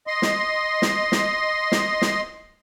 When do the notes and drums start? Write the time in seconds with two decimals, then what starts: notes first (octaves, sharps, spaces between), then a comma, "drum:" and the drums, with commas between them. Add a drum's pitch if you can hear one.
0.07 D#5 C6
0.22 drum: snare
0.82 drum: snare
1.12 drum: snare
1.72 drum: snare
2.02 drum: snare